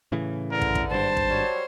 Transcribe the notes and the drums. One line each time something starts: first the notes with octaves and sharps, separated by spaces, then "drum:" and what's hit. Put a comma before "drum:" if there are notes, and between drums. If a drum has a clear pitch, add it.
A2 C#3 E3
E2 D3 A#4
drum: kick
drum: kick
G#1 G2 C5 A5
drum: kick
F#3 G3 C#5